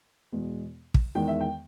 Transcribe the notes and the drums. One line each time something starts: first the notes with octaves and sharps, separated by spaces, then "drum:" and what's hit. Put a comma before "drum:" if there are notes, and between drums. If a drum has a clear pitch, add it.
E2 B2 G#3
drum: kick
E2 D#3 G#3 G5
E5
G5